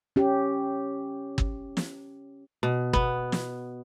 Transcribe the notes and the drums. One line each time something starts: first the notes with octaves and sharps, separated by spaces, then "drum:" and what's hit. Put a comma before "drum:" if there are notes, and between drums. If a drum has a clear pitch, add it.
C#4 G4
drum: kick G1
drum: snare
B2
B3, drum: kick G1
drum: snare